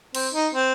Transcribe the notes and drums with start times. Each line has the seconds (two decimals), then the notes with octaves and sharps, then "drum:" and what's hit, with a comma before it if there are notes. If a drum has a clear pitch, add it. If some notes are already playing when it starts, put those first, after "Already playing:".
0.15 C4, drum: cymbal
0.34 D#4
0.54 C4